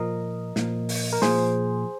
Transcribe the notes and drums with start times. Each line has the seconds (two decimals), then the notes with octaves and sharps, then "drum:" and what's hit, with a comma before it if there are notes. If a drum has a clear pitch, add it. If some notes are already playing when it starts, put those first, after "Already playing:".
Already playing: A#2 F3 A#4 D#5
0.56 A#2 F3, drum: snare
0.89 drum: open hi-hat
1.13 A#4
1.22 A#2 F3 G#4 C5, drum: snare